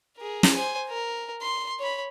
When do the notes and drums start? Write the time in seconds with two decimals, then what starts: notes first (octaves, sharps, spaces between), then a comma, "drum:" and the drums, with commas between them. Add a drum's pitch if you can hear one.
0.17 G#4 A#4
0.43 drum: snare
0.55 C5 G#5
0.89 A#4
1.42 C6
1.79 C#5 B5